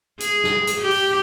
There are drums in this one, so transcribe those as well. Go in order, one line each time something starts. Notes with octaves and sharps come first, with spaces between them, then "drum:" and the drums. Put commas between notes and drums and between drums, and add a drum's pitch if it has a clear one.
G#4, drum: hi-hat
drum: snare
drum: hi-hat
G4
drum: open hi-hat